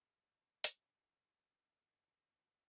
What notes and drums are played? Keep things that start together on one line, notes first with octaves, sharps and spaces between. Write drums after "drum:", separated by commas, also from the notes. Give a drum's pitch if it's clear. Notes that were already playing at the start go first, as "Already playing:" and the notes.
F#3
F#4
drum: hi-hat
G3
G4
E3
B4
A#3
D4
C#5
D#4
F#4